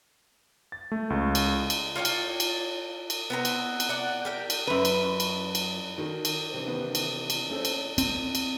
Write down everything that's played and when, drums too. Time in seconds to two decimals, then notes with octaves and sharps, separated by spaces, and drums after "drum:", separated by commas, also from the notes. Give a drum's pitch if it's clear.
0.72 A6
0.92 A3
1.10 C#2
1.35 drum: cymbal
1.70 drum: cymbal
1.95 F4 C#5 D5 G5
2.05 drum: cymbal
2.40 drum: cymbal
3.10 drum: cymbal
3.30 B3 C4 A#5
3.45 drum: cymbal
3.80 drum: cymbal
3.89 D5 F#5
4.25 G4 A#4 G5
4.50 drum: cymbal
4.67 F#2 B4
4.85 drum: cymbal
5.20 drum: cymbal
5.55 drum: cymbal
5.98 D#3 F#4 A4 A#4
6.25 drum: cymbal
6.53 C3 E3 C#4
6.67 D#3 B3
6.95 drum: cymbal
7.30 drum: cymbal
7.50 A3 C4 C#4 A4
7.65 drum: cymbal
7.98 C4, drum: cymbal
8.35 drum: cymbal